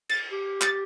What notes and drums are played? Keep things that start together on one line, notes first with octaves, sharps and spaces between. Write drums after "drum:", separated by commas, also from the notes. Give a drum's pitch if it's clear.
A6, drum: cymbal
G4
A6, drum: clap